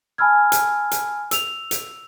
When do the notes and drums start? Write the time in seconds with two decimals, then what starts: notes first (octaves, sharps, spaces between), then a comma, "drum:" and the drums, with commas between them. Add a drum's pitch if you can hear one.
0.18 G#5 A5 B5 E6 F6 G#6
0.52 drum: hi-hat
0.91 drum: hi-hat
1.31 E6 F7, drum: hi-hat
1.71 drum: hi-hat